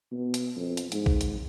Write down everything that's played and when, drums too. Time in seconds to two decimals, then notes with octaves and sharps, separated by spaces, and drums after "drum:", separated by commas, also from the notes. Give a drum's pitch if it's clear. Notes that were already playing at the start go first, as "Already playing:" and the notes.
0.12 B2
0.34 drum: hi-hat
0.56 F2
0.77 drum: hi-hat
0.92 G#2, drum: hi-hat
1.06 drum: kick A#1
1.21 drum: hi-hat